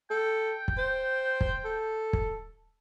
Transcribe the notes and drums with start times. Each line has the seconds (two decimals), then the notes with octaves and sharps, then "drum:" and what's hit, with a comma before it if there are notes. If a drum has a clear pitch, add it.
0.11 A4 G5
0.68 drum: kick
0.78 C5
1.41 drum: kick
1.65 A4
2.13 drum: kick